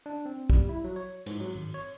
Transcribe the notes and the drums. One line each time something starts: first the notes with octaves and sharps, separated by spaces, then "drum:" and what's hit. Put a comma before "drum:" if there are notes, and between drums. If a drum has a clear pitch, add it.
D4
C4
G3, drum: kick
E4
F#3
C#5
G#2, drum: cymbal
F#3
G#1
C#5